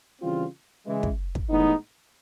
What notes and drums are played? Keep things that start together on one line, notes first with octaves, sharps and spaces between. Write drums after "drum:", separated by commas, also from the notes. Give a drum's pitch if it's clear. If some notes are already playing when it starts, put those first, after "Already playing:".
C#3 E3 G3 C4 F4
C#3 E3 G#3
drum: kick
drum: kick
A2 E3 G#3 B3 D#4